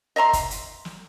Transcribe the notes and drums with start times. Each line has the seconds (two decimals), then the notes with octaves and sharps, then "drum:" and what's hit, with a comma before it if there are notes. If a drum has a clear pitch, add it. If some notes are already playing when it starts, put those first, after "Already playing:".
0.16 D#5 E5 A#5 C6
0.33 drum: kick, hi-hat
0.51 drum: hi-hat
0.85 drum: snare